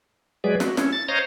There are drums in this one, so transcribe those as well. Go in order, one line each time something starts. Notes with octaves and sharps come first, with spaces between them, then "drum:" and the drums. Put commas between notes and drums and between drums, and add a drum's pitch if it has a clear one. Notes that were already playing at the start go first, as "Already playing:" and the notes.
F#3 G#3 G#4 B4 D5
F#4, drum: snare
C#4 E4, drum: snare
A6
C5 C#5 D#5 F5 A#5